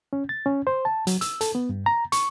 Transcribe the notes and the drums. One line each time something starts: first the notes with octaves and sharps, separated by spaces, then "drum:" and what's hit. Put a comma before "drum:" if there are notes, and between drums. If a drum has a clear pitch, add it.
C#4
A6
C#4
C5
A5
F#3, drum: hi-hat
E6, drum: hi-hat
A4, drum: hi-hat
B3
G2
A#5
C#6, drum: hi-hat